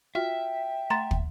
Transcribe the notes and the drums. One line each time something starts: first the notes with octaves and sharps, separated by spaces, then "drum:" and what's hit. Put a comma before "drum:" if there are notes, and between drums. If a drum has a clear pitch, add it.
F4 F#4 E5 G5 F6
A3 F#5 A#5 C6 A6
drum: kick